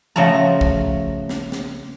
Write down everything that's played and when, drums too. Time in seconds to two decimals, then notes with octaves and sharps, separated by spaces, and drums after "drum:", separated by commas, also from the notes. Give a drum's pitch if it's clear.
0.16 C#3 F3 A3 F#4 A#5
0.61 drum: kick
1.29 drum: snare
1.52 drum: snare